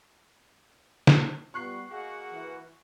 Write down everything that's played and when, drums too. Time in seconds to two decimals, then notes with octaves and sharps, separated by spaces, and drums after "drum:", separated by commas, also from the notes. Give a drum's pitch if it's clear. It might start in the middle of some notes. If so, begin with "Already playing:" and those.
1.07 drum: snare
1.54 G3 B3 F4 C#6 F#6 C7
1.91 A#3 F#4 G#4 D#5 F5 F#5 G#5
2.33 E3